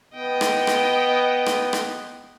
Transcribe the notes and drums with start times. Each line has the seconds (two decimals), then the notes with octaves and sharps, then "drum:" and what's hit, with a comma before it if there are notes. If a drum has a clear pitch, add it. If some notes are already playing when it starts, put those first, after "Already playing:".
0.14 B3 D#5 G5
0.41 drum: rim click
0.67 drum: rim click
1.46 drum: rim click
1.73 drum: rim click